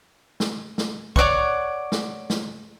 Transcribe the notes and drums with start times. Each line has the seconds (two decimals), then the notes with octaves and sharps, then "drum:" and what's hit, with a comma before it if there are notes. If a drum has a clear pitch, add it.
0.40 drum: snare
0.78 drum: snare
1.16 C#5 D5 F#5 C#6, drum: kick
1.92 drum: snare
2.30 drum: snare